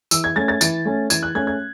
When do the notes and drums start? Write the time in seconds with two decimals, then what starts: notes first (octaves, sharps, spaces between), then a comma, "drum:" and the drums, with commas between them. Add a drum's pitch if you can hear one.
0.11 E3 E6, drum: tambourine
0.24 G#6
0.36 A3 C#4 A6
0.48 A6
0.61 E3 A6, drum: tambourine
0.85 A3 C#4
1.10 E3 G#6, drum: tambourine
1.23 F#6
1.35 A3 C#4 G#6
1.47 G#6